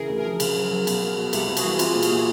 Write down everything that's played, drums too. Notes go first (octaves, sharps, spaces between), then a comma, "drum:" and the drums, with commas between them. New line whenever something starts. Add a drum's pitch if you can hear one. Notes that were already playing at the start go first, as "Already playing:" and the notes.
Already playing: C#3 E3 G#4 A#4
D2
G#4 A#4
F3
C#3, drum: cymbal
F#3
F#3
B2, drum: cymbal
B2
B2
C2 G4 A4, drum: cymbal
C2
F#4 G#4, drum: cymbal
E3
C4 F4 G4, drum: cymbal
A#2
F#4 G#4, drum: cymbal
A#2